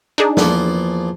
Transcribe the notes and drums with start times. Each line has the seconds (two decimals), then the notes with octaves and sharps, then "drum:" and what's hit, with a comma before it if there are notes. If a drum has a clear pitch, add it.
0.18 D4 D#4 G#4
0.37 E2 F3 A#3, drum: snare